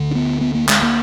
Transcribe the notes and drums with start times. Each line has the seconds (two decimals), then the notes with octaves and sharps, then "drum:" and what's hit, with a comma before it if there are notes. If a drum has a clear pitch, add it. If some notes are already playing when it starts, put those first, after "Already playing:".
Already playing: D2 D3
0.11 D4
0.15 B3
0.41 B3
0.55 A#3
0.69 G#3, drum: clap
0.83 A#3